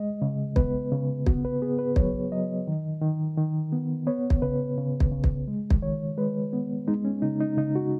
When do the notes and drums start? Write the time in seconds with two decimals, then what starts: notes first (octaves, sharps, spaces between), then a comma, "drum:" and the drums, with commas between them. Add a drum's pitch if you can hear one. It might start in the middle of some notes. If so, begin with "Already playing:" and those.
Already playing: G#3 D#5
0.22 C#3
0.56 B3 B4, drum: kick
0.92 C#3
1.26 B3 F#4, drum: kick
1.45 B4
1.62 B3 G#4
1.79 B4
1.96 F#3 C#5, drum: kick
2.32 F#3 D#5
2.67 D#3
3.01 D#3
3.37 D#3
3.72 B3
4.07 B3 C#5
4.30 drum: kick
4.42 C#3 B4
4.78 C#3
5.00 drum: kick
5.11 C#3
5.24 drum: kick
5.48 G#3
5.70 drum: kick
5.82 D#3 C#5
6.18 G#3 B4
6.53 B3
6.88 G#3 D#4
7.05 C#4
7.22 C#3 D#4
7.40 D#4
7.57 C#3 D#4
7.75 F#4